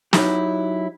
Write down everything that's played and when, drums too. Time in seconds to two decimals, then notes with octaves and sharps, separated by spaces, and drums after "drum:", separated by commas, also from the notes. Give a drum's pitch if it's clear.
0.13 F#3 D#4 E4 G4, drum: snare